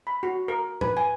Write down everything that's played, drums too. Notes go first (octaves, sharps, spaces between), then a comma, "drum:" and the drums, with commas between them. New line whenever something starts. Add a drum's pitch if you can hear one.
B5
F#4
A#4
B4, drum: tom G#2
G#5